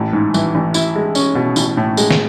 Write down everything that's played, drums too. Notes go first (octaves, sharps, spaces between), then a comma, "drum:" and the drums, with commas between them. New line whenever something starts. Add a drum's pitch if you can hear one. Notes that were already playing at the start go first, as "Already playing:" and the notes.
Already playing: A1 A2
G#2
E3, drum: tambourine
A1
E4, drum: tambourine
G#3
C#4, drum: tambourine
B2
A1, drum: tambourine
A2
G#3, drum: tambourine
drum: snare